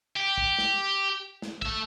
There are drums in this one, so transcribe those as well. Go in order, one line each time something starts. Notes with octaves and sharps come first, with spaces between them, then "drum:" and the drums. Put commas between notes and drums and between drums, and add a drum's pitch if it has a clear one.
G4
drum: kick
drum: snare
drum: snare
A4 E5, drum: kick